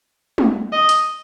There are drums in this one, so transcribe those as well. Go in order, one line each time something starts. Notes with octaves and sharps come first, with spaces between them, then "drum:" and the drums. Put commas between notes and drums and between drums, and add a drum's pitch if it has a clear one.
drum: tom
D#5
drum: hi-hat